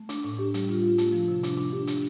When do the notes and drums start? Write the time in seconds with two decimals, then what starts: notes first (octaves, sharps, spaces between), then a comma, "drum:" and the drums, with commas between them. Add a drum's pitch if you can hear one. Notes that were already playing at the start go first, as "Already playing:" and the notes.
Already playing: A3
0.09 D4, drum: hi-hat
0.24 A2
0.39 G4
0.54 G3, drum: hi-hat
0.69 F4
0.83 F4
0.98 A3, drum: hi-hat
1.13 F3
1.28 C3
1.43 D4, drum: hi-hat
1.57 D4
1.72 G4
1.87 G4, drum: hi-hat